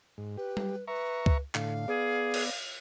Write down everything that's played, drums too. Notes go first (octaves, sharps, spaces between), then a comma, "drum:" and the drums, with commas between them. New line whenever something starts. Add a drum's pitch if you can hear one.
G#2
G4 B4
drum: tom G3
B4 E5 A#5 C#6
drum: kick C#2
A2 D3 F5, drum: clap
B3 G#4 D5
drum: cymbal